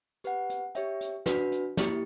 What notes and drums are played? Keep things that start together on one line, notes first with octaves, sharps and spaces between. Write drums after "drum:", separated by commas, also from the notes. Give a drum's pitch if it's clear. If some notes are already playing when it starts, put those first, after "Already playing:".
G4 B4 F#5, drum: hi-hat
drum: hi-hat
G4 C#5 E5 G5, drum: hi-hat
drum: hi-hat
D4 F#4 B4, drum: snare
drum: hi-hat
A#3 E4 G4, drum: snare